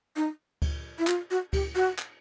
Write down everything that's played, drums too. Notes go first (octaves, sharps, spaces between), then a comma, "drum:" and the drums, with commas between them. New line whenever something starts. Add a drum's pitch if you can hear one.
D#4
drum: kick D2, cymbal
E4
F4, drum: clap
F#4
G4, drum: kick D2, cymbal
F#4
drum: clap